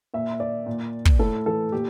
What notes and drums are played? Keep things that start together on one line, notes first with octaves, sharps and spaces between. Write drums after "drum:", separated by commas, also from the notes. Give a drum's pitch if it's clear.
A#2 E5
D5
A#2
drum: kick
A2 A4
E3 A4
A#2 G4